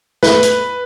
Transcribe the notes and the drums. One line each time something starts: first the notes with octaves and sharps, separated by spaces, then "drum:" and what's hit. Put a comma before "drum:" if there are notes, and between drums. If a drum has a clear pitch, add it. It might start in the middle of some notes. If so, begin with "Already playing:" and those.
B4, drum: snare
drum: hi-hat